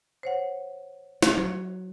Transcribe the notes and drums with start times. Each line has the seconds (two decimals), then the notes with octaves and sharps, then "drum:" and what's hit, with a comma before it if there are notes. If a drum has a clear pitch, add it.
0.23 C5 C#5 F#5
1.23 A3, drum: snare
1.37 F#3